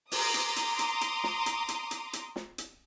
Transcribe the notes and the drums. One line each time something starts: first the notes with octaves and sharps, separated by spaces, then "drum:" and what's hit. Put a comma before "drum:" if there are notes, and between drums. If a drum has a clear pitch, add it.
A#5 C6 D6 D#6, drum: open hi-hat
drum: hi-hat
drum: hi-hat
drum: hi-hat
drum: hi-hat
drum: snare
drum: hi-hat
drum: hi-hat
drum: hi-hat
drum: hi-hat
drum: snare
drum: hi-hat